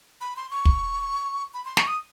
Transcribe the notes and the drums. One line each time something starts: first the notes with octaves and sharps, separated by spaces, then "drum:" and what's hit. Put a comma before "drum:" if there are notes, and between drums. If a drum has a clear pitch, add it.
B5
C6
C#6
drum: kick
B5
C6
C#6, drum: snare
D#6